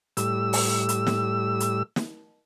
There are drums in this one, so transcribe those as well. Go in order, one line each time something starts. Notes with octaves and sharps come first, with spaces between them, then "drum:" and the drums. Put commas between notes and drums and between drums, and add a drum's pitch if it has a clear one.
A2 G3 E6, drum: hi-hat
drum: open hi-hat
drum: hi-hat
drum: snare
drum: hi-hat
drum: snare